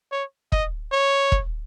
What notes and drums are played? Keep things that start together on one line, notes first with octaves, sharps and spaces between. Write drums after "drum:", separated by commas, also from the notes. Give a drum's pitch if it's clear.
C#5
D#5, drum: kick
C#5
drum: kick